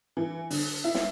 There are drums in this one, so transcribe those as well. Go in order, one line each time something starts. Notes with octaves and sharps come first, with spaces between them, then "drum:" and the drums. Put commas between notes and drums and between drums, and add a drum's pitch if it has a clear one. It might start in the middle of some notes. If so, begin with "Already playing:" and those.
E3
D3, drum: open hi-hat
E4
drum: snare